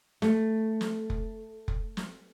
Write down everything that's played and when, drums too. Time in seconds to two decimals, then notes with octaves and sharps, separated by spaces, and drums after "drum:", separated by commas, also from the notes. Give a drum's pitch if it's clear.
0.22 A3, drum: snare
0.81 drum: snare
1.10 drum: kick F1
1.68 drum: kick F1
1.97 drum: snare